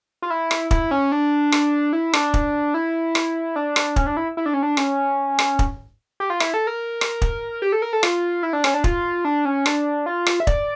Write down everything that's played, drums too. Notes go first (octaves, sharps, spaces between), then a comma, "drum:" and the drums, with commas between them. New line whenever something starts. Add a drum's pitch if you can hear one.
F4
E4
drum: rim click
E4, drum: kick
C#4
D4
drum: rim click
E4
D4, drum: rim click
drum: kick
E4
drum: rim click
D4
drum: rim click
C#4, drum: kick
D4
E4
E4
D4
C#4
D4
C#4, drum: rim click
drum: rim click
drum: kick
G4
F4
E4, drum: rim click
A4
A#4
drum: rim click
drum: kick
G4
A4
A#4
A4
F4, drum: rim click
E4
D4
C#4, drum: rim click
D4
F4, drum: kick
D4
C#4
D4, drum: rim click
F4
drum: rim click
E5
D5, drum: kick